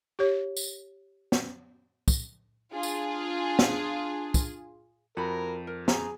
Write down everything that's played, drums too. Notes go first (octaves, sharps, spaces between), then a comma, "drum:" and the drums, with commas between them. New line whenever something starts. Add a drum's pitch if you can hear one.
G4 C#5
drum: tambourine
drum: snare
drum: kick, tambourine
D4 F4 G#4
drum: tambourine
drum: snare
drum: kick, tambourine
F2 F#4 A#4 B5
A#4
G#4 A#5, drum: snare